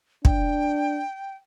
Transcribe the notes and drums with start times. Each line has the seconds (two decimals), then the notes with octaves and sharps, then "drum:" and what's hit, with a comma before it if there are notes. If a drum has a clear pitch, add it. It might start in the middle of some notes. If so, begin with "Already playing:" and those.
0.25 D4 G5, drum: kick